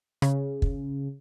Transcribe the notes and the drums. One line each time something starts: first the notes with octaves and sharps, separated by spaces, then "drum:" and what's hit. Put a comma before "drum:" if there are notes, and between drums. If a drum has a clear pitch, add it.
C#3, drum: rim click
drum: kick